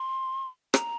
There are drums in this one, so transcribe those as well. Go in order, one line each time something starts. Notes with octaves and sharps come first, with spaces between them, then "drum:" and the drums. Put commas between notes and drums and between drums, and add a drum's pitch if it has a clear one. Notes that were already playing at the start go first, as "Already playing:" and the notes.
Already playing: C6
A#5, drum: rim click